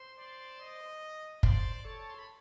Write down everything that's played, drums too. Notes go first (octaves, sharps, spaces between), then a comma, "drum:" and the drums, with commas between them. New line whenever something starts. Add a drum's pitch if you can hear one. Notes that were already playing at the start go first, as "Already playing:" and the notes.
Already playing: C5 C6
D5
D#5
C5 D5 C6, drum: kick
A4 C#5 A5
C6
B5